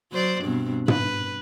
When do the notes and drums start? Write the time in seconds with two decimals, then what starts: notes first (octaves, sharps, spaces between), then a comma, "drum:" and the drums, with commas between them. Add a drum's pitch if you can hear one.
0.12 F#3 C5 D5
0.42 G2 B2 C4
0.88 B4, drum: tom